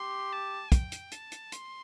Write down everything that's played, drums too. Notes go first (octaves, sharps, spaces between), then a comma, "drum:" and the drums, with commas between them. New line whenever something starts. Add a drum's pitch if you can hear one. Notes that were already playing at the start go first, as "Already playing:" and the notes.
Already playing: G4 C6
A5
G5, drum: kick, hi-hat
drum: hi-hat
A5, drum: hi-hat
drum: hi-hat
C6, drum: hi-hat